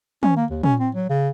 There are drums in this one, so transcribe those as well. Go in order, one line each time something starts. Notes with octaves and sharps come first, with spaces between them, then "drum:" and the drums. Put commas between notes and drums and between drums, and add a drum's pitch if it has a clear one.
C#4, drum: tom
A#3
D#2
C#4, drum: tom
C4
F#3
C#3